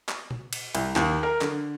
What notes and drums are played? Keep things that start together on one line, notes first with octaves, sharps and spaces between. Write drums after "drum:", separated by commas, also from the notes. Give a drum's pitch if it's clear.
drum: clap
drum: tom A#2
drum: cymbal
C2, drum: cymbal
D#2, drum: clap
A#4
D3, drum: clap